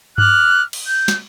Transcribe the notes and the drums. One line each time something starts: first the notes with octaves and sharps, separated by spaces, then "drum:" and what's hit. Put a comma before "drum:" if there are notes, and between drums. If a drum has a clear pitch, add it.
D6 F6 F#6, drum: tom G2
drum: cymbal
G6
drum: snare